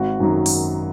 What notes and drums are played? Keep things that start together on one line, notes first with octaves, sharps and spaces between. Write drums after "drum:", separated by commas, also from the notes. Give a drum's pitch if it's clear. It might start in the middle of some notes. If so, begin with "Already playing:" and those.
Already playing: G#1 F#4
F#2 D#3 F#3
drum: open hi-hat